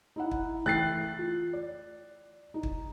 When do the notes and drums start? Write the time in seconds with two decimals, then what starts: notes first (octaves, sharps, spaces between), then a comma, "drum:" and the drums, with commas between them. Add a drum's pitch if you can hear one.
0.16 D#4 E4 F#5
0.31 drum: kick
0.66 E3 A3 G5 F#6 A6 C7
1.18 F4
1.53 D5
2.54 D#4
2.63 drum: kick